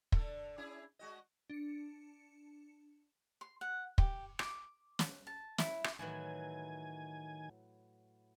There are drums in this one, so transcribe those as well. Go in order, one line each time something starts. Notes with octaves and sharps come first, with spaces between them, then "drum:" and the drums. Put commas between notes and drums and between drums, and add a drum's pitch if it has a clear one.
D3 A4, drum: kick
C#4 E4 G#4
G#3 F#4 D#5
D4 C#7
C6
F#5
G4, drum: kick
D6, drum: rim click
drum: snare
A5
E4, drum: snare
drum: rim click
A2 D#3 E3 F#3 G#5